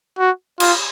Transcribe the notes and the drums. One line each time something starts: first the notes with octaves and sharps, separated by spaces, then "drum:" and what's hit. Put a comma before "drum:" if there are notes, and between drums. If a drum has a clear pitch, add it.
F#4
F4, drum: cymbal